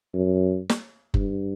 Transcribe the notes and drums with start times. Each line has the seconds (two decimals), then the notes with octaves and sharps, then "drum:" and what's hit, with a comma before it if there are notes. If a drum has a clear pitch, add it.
0.14 F#2
0.69 drum: snare
1.14 G2, drum: kick F#1